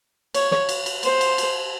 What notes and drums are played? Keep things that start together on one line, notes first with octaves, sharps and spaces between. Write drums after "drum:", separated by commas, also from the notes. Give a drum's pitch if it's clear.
C#5, drum: cymbal
drum: snare
drum: cymbal
drum: cymbal
C5, drum: cymbal
drum: cymbal
drum: cymbal